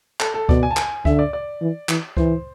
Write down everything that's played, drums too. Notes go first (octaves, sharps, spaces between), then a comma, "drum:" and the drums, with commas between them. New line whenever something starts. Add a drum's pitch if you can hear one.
A4, drum: clap
A4
B2 D5, drum: kick C#2
G#5
A5
G#5, drum: clap
D3 E5, drum: kick C#2
D5
D5
E3
E3, drum: clap
E3 C5, drum: kick C#2